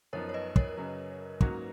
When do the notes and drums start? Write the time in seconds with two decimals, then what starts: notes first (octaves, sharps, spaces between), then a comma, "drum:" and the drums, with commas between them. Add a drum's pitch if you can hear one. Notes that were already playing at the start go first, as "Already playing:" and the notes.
0.13 F#2 F3 B3 D#4 A#4 C#5
0.29 C#5
0.34 B4 D#5
0.56 A#4 C#5, drum: kick
0.77 F#2 C#3 F#3
1.41 G#2 F#3 A#3 C#4 F#4, drum: kick